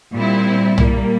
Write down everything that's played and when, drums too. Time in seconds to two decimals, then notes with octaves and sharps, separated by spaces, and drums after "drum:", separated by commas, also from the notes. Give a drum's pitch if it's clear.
0.13 A#2 G3 C4 E4
0.78 A#2 G3 A#3, drum: tom